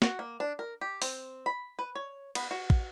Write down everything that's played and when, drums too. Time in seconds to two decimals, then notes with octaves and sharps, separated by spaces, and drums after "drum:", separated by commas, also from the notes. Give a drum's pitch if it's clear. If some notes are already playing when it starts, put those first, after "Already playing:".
0.02 F#4, drum: snare
0.19 A#3
0.40 D4
0.59 A#4
0.81 G4
1.02 C4, drum: open hi-hat
1.46 B5
1.79 B4
1.95 C#5
2.35 B3, drum: cymbal
2.51 F#4
2.70 drum: kick